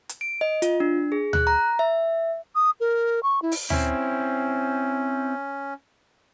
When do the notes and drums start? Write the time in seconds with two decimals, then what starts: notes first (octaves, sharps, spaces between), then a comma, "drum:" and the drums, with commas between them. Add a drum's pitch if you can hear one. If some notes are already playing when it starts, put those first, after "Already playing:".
0.09 drum: hi-hat
0.21 D7
0.41 D#5
0.62 F4, drum: hi-hat
0.80 D4
1.12 G#4
1.33 F#6, drum: tom D2
1.47 A#5
1.79 E5
2.55 D#6
2.80 A#4
3.23 C#6
3.42 E4
3.52 drum: open hi-hat
3.70 C4 C#4 E4, drum: tom D2